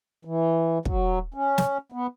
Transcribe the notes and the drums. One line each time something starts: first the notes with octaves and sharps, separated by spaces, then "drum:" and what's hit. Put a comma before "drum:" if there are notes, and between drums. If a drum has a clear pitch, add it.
E3
F#3, drum: kick
C#4
drum: snare
B3